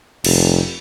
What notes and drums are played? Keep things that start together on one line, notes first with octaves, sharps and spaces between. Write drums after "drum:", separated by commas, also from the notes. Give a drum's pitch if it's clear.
F1, drum: cymbal